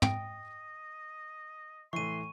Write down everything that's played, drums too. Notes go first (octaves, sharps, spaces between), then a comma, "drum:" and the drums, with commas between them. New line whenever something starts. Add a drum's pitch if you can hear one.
D#5 G5, drum: tom
A2 E3 C6 C#6 D#7